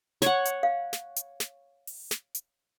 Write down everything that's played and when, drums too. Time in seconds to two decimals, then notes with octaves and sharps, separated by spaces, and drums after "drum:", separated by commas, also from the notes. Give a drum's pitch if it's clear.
0.22 C#5 F#5, drum: snare
0.45 drum: hi-hat
0.63 F5
0.93 drum: snare
1.16 drum: hi-hat
1.40 drum: snare
1.87 drum: open hi-hat
2.11 drum: snare
2.35 drum: hi-hat